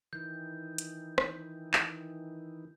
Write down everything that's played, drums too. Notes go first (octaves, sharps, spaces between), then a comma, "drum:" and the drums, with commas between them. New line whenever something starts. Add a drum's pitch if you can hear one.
D#3 E3 G6
drum: hi-hat
drum: rim click
drum: clap